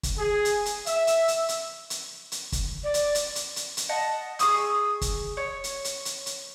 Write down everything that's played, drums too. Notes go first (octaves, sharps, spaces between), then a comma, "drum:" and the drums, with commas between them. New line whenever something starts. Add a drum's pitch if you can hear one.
drum: kick, hi-hat
G#4
drum: hi-hat
drum: hi-hat
E5, drum: hi-hat
drum: hi-hat
drum: hi-hat
drum: hi-hat
drum: hi-hat
drum: hi-hat
drum: kick, hi-hat
D5
drum: hi-hat
drum: hi-hat
drum: hi-hat
drum: hi-hat
drum: hi-hat
D#5 F#5 A5
G#4 C#6 D#6 E6, drum: hi-hat
drum: kick, hi-hat
C#5
drum: hi-hat
drum: hi-hat
drum: hi-hat
drum: hi-hat